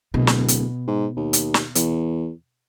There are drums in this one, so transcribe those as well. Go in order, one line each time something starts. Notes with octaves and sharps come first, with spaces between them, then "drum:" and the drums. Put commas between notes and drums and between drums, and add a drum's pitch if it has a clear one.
D1 B2
drum: snare
drum: hi-hat
G#2
D#2
drum: hi-hat
drum: snare
E2, drum: hi-hat